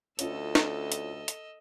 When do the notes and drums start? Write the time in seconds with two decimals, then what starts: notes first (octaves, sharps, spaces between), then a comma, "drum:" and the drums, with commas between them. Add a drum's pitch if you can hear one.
0.19 D2 C#4 F4 A4 D#5 E6, drum: hi-hat
0.55 drum: snare
0.92 drum: hi-hat
1.28 drum: hi-hat